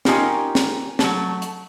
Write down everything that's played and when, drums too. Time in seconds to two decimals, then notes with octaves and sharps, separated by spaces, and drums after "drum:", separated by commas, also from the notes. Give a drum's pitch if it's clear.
0.05 C#4 D#4 F4 G4 A#4, drum: snare
0.55 drum: snare
0.99 F#3 A3, drum: snare
1.42 drum: hi-hat